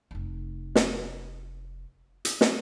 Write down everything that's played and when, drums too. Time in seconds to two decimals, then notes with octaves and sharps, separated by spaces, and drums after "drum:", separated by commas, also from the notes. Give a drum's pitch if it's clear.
0.11 F1 D#4
0.75 drum: snare
2.25 drum: hi-hat
2.41 drum: snare